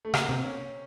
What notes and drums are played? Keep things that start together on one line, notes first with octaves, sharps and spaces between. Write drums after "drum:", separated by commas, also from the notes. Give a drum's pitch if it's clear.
A3
C#3 A#3, drum: rim click
C3 C4
C#4